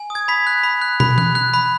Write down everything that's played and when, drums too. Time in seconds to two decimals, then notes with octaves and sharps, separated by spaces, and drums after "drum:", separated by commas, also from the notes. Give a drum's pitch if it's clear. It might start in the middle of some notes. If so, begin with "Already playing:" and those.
Already playing: G#5
0.10 D#6
0.15 G#6
0.28 B5 B6
0.47 F#6
0.63 B5
0.81 F#6
1.00 B5, drum: tom
1.18 F#6, drum: tom E3
1.35 F#6
1.54 B5